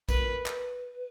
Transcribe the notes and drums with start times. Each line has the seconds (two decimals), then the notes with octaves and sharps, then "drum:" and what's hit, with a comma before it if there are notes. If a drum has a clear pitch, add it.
0.09 A#4 B4, drum: kick A#1, tambourine
0.46 B4, drum: clap